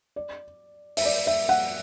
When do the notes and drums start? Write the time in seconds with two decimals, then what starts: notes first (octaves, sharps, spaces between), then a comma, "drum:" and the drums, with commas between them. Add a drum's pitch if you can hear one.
0.16 D5
0.97 E5, drum: open hi-hat
1.05 D5
1.27 E5
1.49 F#5